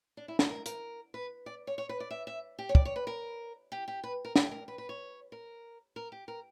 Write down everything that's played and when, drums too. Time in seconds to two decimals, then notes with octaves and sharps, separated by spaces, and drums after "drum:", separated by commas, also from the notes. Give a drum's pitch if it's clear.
0.17 D4
0.28 E4
0.39 F#4, drum: snare
0.50 A#4
0.66 A#4, drum: hi-hat
1.14 B4
1.46 D5
1.67 C#5
1.78 C#5
1.89 B4
2.00 D5
2.11 E5
2.27 E5
2.59 G4
2.69 C#5
2.75 D5, drum: kick
2.85 C#5
2.96 B4
3.07 A#4
3.72 G4
3.88 G4
4.04 B4
4.25 A#4
4.36 G4, drum: snare
4.51 A#4
4.68 B4
4.78 B4
4.89 C#5
5.32 A#4
5.96 A#4
6.12 G4
6.28 A#4